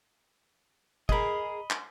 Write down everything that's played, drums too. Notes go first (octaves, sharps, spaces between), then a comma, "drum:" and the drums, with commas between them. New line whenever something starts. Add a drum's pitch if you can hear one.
G#4 A#4 D#5 B5, drum: kick
drum: clap